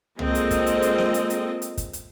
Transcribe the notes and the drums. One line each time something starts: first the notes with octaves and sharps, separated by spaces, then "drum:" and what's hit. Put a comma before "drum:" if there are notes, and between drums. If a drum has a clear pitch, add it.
G#3 A#3 C4 F4 A4 D#5, drum: tom
drum: hi-hat
drum: kick, hi-hat
drum: hi-hat
drum: hi-hat
drum: snare
drum: hi-hat
drum: hi-hat
drum: hi-hat
drum: kick, hi-hat
drum: hi-hat